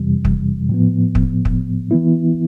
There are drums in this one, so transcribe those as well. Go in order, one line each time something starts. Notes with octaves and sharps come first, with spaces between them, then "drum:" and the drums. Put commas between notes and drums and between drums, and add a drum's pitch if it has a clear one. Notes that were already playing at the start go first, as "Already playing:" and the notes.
Already playing: F2 C3 E3 G3
drum: kick
A2 F3 B3
drum: kick
drum: kick
E3 B3 E4